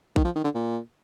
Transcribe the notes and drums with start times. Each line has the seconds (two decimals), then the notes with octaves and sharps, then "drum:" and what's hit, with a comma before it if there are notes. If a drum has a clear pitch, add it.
0.16 D#3, drum: kick A#1
0.25 F3
0.35 D#3
0.44 D3
0.55 A#2